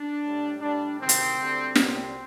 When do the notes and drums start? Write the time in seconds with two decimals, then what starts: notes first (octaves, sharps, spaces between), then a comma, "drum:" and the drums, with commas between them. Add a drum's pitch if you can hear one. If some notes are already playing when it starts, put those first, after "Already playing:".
Already playing: D4
0.23 A2 G3
0.61 A2 G3 D4
0.99 D2 C3 D#3 C4
1.09 drum: hi-hat
1.37 D2 D3 G3
1.75 C2 A#2 G3 C4, drum: snare